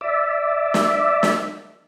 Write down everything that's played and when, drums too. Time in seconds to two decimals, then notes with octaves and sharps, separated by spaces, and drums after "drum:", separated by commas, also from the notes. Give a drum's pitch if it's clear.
0.01 D5 E5
0.74 drum: snare
1.23 drum: snare